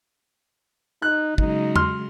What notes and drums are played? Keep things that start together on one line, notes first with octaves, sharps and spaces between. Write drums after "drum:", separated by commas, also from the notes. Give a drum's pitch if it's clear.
D#4 F#6
C#3 F#3 G#3 D#4, drum: kick
C6 F6, drum: tom E2